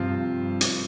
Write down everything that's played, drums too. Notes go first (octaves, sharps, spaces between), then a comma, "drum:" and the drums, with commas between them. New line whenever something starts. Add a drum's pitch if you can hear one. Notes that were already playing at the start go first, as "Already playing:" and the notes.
Already playing: G2 C3 F3 C4 F4
G2
drum: hi-hat